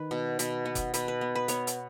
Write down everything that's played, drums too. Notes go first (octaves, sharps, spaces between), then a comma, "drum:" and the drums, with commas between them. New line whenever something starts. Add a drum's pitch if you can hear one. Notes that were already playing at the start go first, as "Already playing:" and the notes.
Already playing: D#3 B4
B2
B2, drum: hi-hat
B3
drum: kick F1, hi-hat
B2 B4, drum: hi-hat
B4
B3
B4
B3 C#5, drum: hi-hat
drum: hi-hat